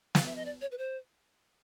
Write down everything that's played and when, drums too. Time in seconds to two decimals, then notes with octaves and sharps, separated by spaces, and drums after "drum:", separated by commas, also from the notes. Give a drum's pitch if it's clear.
0.15 F5, drum: snare
0.26 E5
0.36 D#5
0.45 D5
0.61 C#5
0.72 B4
0.78 C5